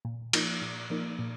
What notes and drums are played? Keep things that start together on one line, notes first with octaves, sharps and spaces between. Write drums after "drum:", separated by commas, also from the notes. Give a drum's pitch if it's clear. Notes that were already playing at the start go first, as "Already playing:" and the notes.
A#2
F3 A#3 D#4, drum: cymbal
A#2
F3 A#3 D#4
A#2